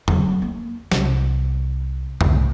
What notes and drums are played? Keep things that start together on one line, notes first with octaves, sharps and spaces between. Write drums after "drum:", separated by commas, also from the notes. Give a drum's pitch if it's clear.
F#3 C4, drum: tom E2
A#3
C2, drum: snare
C2 G#2, drum: tom E2